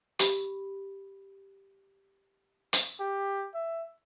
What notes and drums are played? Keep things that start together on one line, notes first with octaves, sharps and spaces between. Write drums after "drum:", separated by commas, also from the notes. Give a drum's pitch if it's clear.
G4 B5, drum: hi-hat
drum: hi-hat
G4
E5